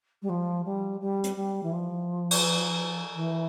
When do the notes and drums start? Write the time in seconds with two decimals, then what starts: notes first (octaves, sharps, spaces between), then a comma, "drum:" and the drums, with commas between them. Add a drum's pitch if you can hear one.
0.22 G3
0.29 F3
0.65 G3
1.01 G3
1.24 drum: hi-hat
1.36 G3
1.63 E3
1.72 F3
2.31 drum: cymbal
3.15 E3